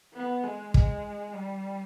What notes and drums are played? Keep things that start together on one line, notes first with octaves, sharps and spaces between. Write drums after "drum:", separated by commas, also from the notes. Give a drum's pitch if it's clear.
B3
G#3
G#3, drum: kick
G3